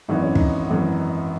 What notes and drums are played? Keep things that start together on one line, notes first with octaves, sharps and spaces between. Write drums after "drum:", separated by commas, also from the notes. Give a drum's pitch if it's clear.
G#1 F#2 E3 D#4
C#4
D#4, drum: kick
G#1 F#2 E3